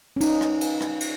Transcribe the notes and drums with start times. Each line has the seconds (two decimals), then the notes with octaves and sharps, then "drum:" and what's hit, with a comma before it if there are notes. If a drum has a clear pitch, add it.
0.16 C#4
0.21 D#4, drum: cymbal
0.41 drum: rim click
0.61 drum: cymbal
0.81 drum: rim click
1.01 drum: cymbal